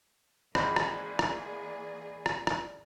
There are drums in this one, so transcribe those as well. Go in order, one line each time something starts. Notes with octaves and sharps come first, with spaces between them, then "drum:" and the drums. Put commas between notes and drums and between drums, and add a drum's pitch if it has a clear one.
G#1 G#2 E3 A#3 G#4 C5 D5 B5, drum: rim click
drum: rim click
drum: rim click
drum: rim click
drum: rim click